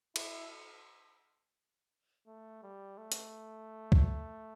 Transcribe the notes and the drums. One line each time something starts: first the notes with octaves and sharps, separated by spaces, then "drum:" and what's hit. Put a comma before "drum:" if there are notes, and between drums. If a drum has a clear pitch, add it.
E4, drum: cymbal
A3
G3
A3
drum: hi-hat
drum: kick